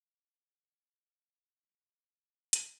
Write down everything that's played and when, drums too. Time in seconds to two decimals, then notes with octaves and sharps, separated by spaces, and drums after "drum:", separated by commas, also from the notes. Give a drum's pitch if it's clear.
0.09 G4
1.57 B2 D3 F3 G3 D#4
2.53 drum: hi-hat